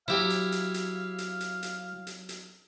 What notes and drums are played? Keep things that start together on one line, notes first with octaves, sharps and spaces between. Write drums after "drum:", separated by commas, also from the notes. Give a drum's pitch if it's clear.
F#3 E4 G4 F5
drum: hi-hat
drum: hi-hat
drum: hi-hat
drum: hi-hat
drum: hi-hat
drum: hi-hat
drum: hi-hat
drum: hi-hat